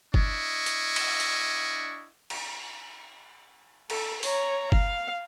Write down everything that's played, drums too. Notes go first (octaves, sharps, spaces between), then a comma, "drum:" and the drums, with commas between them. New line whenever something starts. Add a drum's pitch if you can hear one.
D4 E4 D#5 C#6, drum: kick G1
drum: hi-hat
drum: cymbal
drum: hi-hat
drum: cymbal
A4, drum: cymbal
C#5 A#5, drum: open hi-hat
F5, drum: kick G1